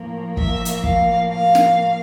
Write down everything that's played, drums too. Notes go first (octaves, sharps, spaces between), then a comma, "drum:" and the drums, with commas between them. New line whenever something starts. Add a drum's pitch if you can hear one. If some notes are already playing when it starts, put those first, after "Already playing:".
Already playing: A2 F3 A#3
E5, drum: kick
drum: hi-hat
F5, drum: kick
F5
drum: snare